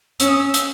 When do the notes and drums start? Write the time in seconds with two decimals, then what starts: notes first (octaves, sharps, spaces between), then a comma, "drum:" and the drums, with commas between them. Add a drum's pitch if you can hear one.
0.20 C#4 E6, drum: hi-hat
0.28 D#6
0.36 E6
0.54 E6, drum: hi-hat